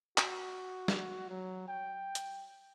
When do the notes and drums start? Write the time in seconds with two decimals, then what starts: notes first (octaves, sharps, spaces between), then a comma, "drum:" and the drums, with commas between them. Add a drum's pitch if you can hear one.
0.18 F#4, drum: clap
0.88 drum: snare
1.30 F#3
1.68 G5
2.15 drum: hi-hat